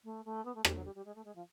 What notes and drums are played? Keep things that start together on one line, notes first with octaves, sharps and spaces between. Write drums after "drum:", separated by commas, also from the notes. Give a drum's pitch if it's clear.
A3
A3
B3
A3
G3, drum: rim click
F#3
G3
G3
G#3
A3
G#3
F3